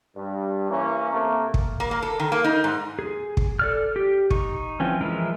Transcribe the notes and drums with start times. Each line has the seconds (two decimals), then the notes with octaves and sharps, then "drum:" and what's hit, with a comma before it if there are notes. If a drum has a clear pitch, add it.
0.17 G2
0.71 E3 A#3 C#4
1.13 C3 A3 A#3
1.54 drum: kick
1.80 A#3
1.91 A#3
2.02 A4
2.20 D#3
2.32 A#3
2.44 D#4
2.64 G#2
2.99 G#4
3.37 drum: kick
3.59 A4 D5 F6
3.96 G4
4.30 D#4 C#6, drum: kick
4.80 E3 F3 C4 C#4
5.01 E3 F3 G#3 E4 A#4